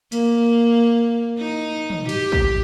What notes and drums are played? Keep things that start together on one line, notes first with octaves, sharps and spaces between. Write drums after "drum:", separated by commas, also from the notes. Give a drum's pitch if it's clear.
A#3, drum: hi-hat
D#4
drum: tom
G4, drum: cymbal
drum: kick